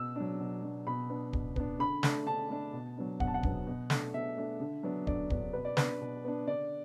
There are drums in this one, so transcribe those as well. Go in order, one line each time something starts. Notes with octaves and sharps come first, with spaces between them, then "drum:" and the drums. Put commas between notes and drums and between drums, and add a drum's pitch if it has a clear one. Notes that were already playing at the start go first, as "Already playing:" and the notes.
Already playing: B2 E6
F#3 D4
B2
F#3 D4
B2 B5
B3 D4
B2, drum: kick
B3 D4, drum: kick
D3 B5
A3 D4, drum: snare
D3 A5
A3 D4
B2
F#3 B3 D4
B2 F#5, drum: kick
A5
F#5
F#3 B3 D4, drum: kick
B2
A3 D4, drum: snare
B2 E5
A3 D4
D3
F#3 B3 D4
D3 D5, drum: kick
F#3 B3 D4, drum: kick
B2 B4
D5
B3 D4 B4, drum: snare
B2
B3 D4
D3 D5